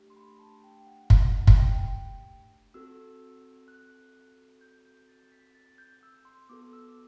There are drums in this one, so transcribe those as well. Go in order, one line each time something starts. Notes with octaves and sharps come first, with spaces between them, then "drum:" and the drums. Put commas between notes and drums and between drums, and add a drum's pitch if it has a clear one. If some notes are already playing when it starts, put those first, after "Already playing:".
Already playing: A3 D4 G4
C6
B5
A5
G5
F#5
F#5, drum: kick
drum: kick
G5
C4 F#4 A4 E6
F#6
G6
G6
A6
B6
A6
G6
E6
C6
B3 F#4 A4 D6
E6